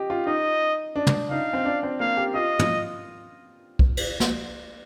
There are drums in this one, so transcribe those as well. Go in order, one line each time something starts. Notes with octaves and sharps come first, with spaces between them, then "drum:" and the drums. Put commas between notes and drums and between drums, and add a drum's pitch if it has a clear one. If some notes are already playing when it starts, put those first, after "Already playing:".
Already playing: G4 D#5
F4
D#4 D#5
D4
drum: tom
D#4 F5
C4
D4
C4
A#3 F5
G4
F4 D#5
drum: tom
drum: kick
drum: cymbal
drum: snare